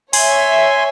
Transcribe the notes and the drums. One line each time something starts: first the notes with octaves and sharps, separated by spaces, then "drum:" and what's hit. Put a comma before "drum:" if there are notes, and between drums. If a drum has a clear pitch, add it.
C#5 E5 G#5 C6, drum: open hi-hat